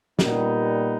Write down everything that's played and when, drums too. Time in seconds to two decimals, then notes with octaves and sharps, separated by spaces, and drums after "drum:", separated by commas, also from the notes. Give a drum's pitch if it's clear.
0.19 A#2 G3 B3 D#4, drum: snare